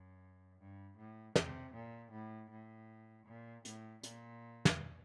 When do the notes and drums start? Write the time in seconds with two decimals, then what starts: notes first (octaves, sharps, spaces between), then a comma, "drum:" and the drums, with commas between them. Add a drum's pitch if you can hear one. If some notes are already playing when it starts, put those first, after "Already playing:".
Already playing: F#2
0.60 G2
0.98 A2
1.36 C3, drum: snare
1.74 A#2
2.12 A2
2.50 A2
3.26 A#2
3.65 A2, drum: hi-hat
4.03 A#2, drum: hi-hat
4.65 drum: snare